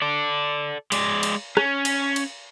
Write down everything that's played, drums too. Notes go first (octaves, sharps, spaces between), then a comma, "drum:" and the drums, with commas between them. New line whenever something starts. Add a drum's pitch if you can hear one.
A4 D5
G#3 D5, drum: cymbal
drum: cymbal
C#4, drum: rim click
drum: cymbal
drum: cymbal